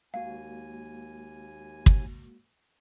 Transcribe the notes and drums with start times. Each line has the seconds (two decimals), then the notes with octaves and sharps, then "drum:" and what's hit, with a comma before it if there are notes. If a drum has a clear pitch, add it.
0.14 D#2 G#3 A#3 F#4 F5 G#5
1.86 drum: kick